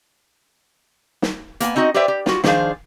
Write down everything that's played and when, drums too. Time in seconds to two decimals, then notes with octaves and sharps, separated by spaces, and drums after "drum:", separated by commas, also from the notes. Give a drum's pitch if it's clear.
1.22 drum: snare
1.60 A#3 B3 G5 G#5, drum: hi-hat
1.76 C4 D#4 F#4 D#5
1.94 G4 B4 C5 D5 E5 G5
2.08 G4
2.26 F4 F#4, drum: snare
2.44 D#3 F3 D4 G#4 C5 F5, drum: snare